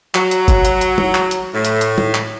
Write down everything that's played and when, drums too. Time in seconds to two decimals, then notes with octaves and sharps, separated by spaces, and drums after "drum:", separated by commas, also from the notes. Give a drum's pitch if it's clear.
0.15 F#3, drum: clap
0.31 drum: hi-hat
0.48 drum: kick G1, hi-hat
0.65 drum: hi-hat
0.81 drum: hi-hat
0.98 drum: tom G3
1.15 drum: clap
1.31 drum: hi-hat
1.53 A2
1.65 drum: hi-hat
1.81 drum: hi-hat
1.98 drum: tom G3
2.14 drum: clap